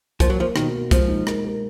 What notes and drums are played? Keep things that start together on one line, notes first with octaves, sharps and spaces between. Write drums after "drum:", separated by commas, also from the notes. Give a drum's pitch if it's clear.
F3 A#3, drum: kick C2, hi-hat
F#3
F3 A#3
B2 D#3, drum: rim click
A#3
F3 G#3, drum: kick C2, hi-hat
D#4
A#4, drum: rim click
A#4